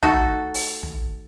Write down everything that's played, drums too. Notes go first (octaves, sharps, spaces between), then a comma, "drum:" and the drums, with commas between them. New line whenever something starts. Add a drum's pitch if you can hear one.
A3 D#4 F#4 A4, drum: tom
drum: open hi-hat
drum: tom